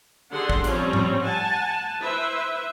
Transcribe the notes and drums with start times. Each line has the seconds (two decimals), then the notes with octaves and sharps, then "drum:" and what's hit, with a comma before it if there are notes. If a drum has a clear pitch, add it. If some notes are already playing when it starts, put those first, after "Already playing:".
0.31 D3 G4 G#4 F#5 C6
0.50 drum: kick
0.64 F3 G3 C4 C#4 C#5, drum: hi-hat
0.93 drum: tom G#2
1.21 F#5 G#5 A5
2.00 E4 B4 C5 E5